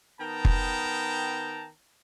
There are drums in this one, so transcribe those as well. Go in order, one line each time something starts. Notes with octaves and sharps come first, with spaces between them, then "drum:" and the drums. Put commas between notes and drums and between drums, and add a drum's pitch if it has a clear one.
D#3 B3 G5 A5 A#5
drum: kick F1